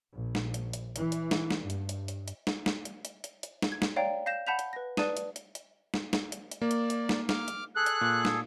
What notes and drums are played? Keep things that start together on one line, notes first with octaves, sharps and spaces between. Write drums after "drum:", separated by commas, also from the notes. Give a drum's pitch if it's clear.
A#1
drum: snare
drum: hi-hat
drum: hi-hat
E3, drum: hi-hat
drum: hi-hat
drum: snare
drum: snare
G2
drum: hi-hat
drum: hi-hat
drum: hi-hat
drum: hi-hat
drum: snare
drum: snare
drum: hi-hat
drum: hi-hat
drum: hi-hat
drum: hi-hat
drum: snare
G#6
drum: snare
C#5 D5 F5 G5 A#5
F5 G6 A#6 E7
F#5 A5 B5 G6 B6 F7
drum: hi-hat
B4 A#6
B4 D5 A5 D#6 D#7, drum: snare
drum: hi-hat
drum: hi-hat
drum: hi-hat
drum: snare
drum: snare
drum: hi-hat
drum: hi-hat
A#3 D5
drum: hi-hat
drum: hi-hat
drum: snare
D6 F6, drum: snare
drum: hi-hat
G#4 A4 F#6
drum: hi-hat
A#2
drum: snare